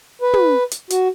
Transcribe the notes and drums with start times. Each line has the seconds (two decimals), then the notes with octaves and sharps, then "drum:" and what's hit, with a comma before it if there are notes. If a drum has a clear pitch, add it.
0.22 B4
0.34 drum: tom
0.71 drum: hi-hat
0.90 F#4, drum: hi-hat